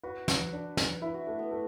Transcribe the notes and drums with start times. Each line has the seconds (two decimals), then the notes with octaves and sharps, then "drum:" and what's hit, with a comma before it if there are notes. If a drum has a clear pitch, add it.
0.03 F#4 B4
0.28 B4, drum: snare
0.53 D4
0.77 B4, drum: snare
1.02 E4 B4
1.14 F#4
1.26 A3 D4
1.39 B3
1.51 A3